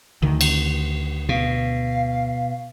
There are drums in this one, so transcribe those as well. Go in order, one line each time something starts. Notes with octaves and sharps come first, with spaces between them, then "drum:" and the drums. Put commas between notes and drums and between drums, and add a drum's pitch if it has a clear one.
D2 D#3
drum: cymbal
B2 F5